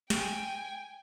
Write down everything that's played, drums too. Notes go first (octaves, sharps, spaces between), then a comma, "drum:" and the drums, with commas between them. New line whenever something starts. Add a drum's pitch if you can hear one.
G5 G#5, drum: snare